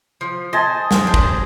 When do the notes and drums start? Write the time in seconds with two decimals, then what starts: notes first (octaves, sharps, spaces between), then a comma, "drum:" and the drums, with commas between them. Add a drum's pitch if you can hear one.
0.21 F3
0.53 C5 D#5 G#5 A5
0.91 drum: snare
1.04 D4 C5
1.14 drum: kick